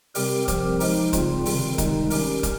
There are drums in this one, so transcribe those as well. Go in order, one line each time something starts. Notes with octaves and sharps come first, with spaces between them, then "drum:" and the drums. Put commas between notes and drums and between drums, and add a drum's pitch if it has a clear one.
C3 G3 C4 G4 A#4, drum: open hi-hat
F3 C4 G4 A#4, drum: kick, hi-hat
F3 G#3 D#4, drum: open hi-hat
C#3 G3 C4 F4, drum: kick, hi-hat
C3 D#3 G3 C4, drum: open hi-hat
D#3 G#3 D#4, drum: kick, hi-hat
G3 C#4 G4 A#4, drum: open hi-hat
drum: kick, hi-hat